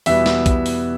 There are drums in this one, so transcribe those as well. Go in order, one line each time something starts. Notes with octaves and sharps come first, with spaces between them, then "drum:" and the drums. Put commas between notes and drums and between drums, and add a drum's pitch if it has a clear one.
E2 B2 G3 B3 E5, drum: open hi-hat
drum: snare
drum: kick, hi-hat
drum: open hi-hat